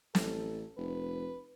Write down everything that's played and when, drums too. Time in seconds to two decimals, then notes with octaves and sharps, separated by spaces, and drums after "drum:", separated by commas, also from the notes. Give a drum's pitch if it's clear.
0.15 A1 A4, drum: snare
0.77 F1 B4